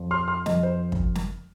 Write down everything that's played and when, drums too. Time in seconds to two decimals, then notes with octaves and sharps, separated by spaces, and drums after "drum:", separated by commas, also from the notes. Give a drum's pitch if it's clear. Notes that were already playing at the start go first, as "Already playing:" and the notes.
Already playing: F2 F3
0.11 C6 F6
0.28 C6 F6
0.46 F2 F3 D#5, drum: snare
0.63 C5
0.92 drum: kick
1.15 drum: snare